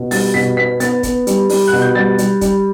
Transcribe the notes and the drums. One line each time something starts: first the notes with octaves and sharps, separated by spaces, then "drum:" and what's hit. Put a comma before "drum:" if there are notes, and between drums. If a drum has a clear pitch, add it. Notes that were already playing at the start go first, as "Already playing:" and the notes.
Already playing: B2
G3 A6, drum: open hi-hat
B2 B6
B3 B6
B3 A6, drum: hi-hat
B3, drum: kick, hi-hat
G3, drum: hi-hat
G3, drum: open hi-hat
F#6
B2
G6
G3 A6
G3, drum: hi-hat
G3, drum: kick, hi-hat